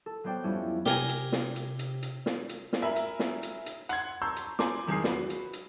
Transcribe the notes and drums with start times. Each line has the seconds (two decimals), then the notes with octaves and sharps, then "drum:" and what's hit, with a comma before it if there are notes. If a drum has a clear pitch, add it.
0.06 A4
0.24 F#3 B3 C5 D5 G5
0.44 F2 G3 C#4 E4
0.86 C3 G4 A#4 G#5, drum: snare
1.09 drum: hi-hat
1.32 drum: snare
1.56 drum: hi-hat
1.79 drum: hi-hat
2.03 drum: hi-hat
2.26 drum: snare
2.49 drum: hi-hat
2.73 drum: snare
2.82 A#4 E5 G#5 B5
2.96 drum: hi-hat
3.19 drum: snare
3.43 drum: hi-hat
3.66 drum: hi-hat
3.89 F#5 C6 G#6, drum: hi-hat
4.22 A5 A#5 C6 C#6 E6 G6
4.36 drum: hi-hat
4.59 G#5 B5 C6 D6, drum: snare
4.88 E2 D#3 G#3 G#5 D#6 C7
5.04 F#4 B4, drum: snare
5.30 drum: hi-hat
5.53 drum: hi-hat